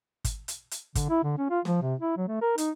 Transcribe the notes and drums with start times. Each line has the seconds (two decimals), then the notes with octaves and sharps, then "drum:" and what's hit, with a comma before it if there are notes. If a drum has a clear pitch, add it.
0.24 drum: kick, hi-hat
0.48 drum: hi-hat
0.71 drum: hi-hat
0.95 D3, drum: kick, hi-hat
1.10 E4
1.24 D3
1.38 C#4
1.50 F4
1.65 F3, drum: snare
1.82 C3
2.00 E4
2.17 F#3
2.28 A3
2.42 A#4
2.58 D#4, drum: hi-hat